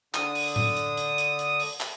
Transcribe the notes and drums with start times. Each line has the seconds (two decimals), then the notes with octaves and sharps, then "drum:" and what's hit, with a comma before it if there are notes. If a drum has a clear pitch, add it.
0.14 D3 D#6, drum: clap
0.35 drum: open hi-hat
0.56 drum: tom A2
0.77 drum: hi-hat
0.97 drum: hi-hat
1.18 drum: hi-hat
1.39 drum: hi-hat
1.60 drum: open hi-hat
1.80 drum: clap